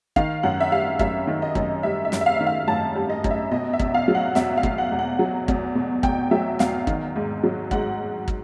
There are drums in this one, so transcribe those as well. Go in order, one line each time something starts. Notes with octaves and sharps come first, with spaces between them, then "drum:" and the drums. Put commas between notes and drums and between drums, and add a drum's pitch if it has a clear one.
D#3 F5, drum: kick
F#2 F#5
E5
G3 F5
F#2 E5, drum: kick
D#3
D#5
F#2, drum: kick
G3 E5
E5
F#2, drum: snare
E5
F5
D#3 E5
F5
F#2 A5
G3
D#5
F#2, drum: kick
E5
B2 D#5
E5
E2, drum: kick
F5
F#3
F#5
E2 E5, drum: snare
F5
B2, drum: kick
F#5
E2
F#5
F#3
E2, drum: kick
B2
E2 G5, drum: kick
F#3 E5
E2 F5, drum: snare
D#3, drum: kick
G#2
F#3
G#2 F#5, drum: kick
drum: kick